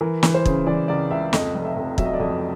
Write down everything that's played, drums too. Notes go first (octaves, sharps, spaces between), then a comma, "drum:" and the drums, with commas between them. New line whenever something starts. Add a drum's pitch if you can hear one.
E3 A#4
E3, drum: snare
C5
C#3, drum: kick
E3 D5
C#2 D5
C#2 E5
F2 D#5, drum: snare
F1
E5
F2
F#3 E5, drum: kick
D#5
D5
F2 D#5